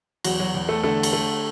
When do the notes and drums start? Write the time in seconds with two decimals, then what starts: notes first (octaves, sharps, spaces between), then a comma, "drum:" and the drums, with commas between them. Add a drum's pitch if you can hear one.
0.24 E2 F#3 F#4, drum: cymbal
0.39 F#3 F#4
0.54 E2
0.69 A3 A4
0.83 D3 A3 A4
1.03 drum: cymbal
1.13 A3